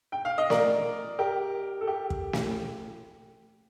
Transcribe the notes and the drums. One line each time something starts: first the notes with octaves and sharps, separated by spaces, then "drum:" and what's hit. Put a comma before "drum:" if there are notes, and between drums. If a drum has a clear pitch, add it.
G5
F5
D#5
A#4 D5, drum: snare
G4 A#4
A4
G4
drum: kick
drum: snare